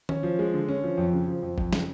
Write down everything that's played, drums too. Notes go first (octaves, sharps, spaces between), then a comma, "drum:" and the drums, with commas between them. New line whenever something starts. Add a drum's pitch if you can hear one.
C#4, drum: tom D#3
F3
G#3
D3
C#4
F3
F2
C#3
F3
F2
F2, drum: kick A#1
C#3, drum: snare